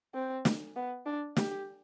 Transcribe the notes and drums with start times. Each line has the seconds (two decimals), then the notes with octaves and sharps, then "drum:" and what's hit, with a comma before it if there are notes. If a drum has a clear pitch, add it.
0.14 C4
0.45 drum: snare
0.76 B3
1.06 D4
1.37 G4, drum: snare